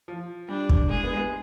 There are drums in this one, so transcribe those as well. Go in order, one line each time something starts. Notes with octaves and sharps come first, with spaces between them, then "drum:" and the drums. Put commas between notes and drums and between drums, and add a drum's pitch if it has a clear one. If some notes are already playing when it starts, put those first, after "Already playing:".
F3
G3 D4
drum: kick
G#3 G#4
B3
G#3
B3